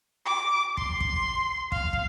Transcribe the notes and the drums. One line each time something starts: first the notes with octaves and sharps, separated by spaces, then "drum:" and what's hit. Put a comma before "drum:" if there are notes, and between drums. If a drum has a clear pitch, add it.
D6
C6, drum: kick
drum: kick
F5, drum: kick
drum: kick